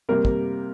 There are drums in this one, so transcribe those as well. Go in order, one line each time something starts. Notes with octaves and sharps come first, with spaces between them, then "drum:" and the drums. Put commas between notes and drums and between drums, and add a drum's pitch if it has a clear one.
C3 G3 A#3 A#4
drum: kick